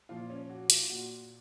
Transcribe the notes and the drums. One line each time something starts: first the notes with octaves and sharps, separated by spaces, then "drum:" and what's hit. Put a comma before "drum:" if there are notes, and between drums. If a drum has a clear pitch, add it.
A#2 F3 F4
C#4
F#4
F4, drum: hi-hat
A#2 F#4